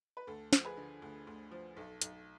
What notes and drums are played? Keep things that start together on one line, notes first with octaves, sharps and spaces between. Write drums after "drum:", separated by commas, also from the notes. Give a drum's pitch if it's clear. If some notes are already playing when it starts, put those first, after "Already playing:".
B4
D2 A4
F3, drum: snare
G#4 B4
D3
D2
D2
F3
B1 A4
B1, drum: hi-hat